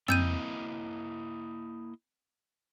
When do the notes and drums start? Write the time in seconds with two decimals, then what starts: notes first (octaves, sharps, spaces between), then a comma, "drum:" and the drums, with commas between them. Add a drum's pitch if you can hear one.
0.08 A#3 C4 E4 D#5 E6 G6 D#7, drum: tom